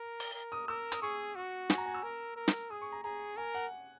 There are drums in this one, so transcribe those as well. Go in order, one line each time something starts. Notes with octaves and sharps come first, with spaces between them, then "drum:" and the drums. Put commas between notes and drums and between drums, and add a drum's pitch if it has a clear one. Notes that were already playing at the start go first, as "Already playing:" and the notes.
Already playing: A#4
drum: open hi-hat
A#4
D#6
A#4 E6
D#6, drum: hi-hat
G#4 C#6
F#4
G#5, drum: snare
A#5
G#5
E6
A#4
A#4
drum: snare
G#4 D#6
C#6
A#5
G#4 A#5
A#4 G#5
F#5